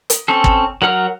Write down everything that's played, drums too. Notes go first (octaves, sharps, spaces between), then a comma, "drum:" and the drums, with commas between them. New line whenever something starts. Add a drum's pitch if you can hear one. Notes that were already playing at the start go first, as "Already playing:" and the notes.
drum: hi-hat
C4 C#4 A4
drum: kick
F#3 A#4 F#5 F6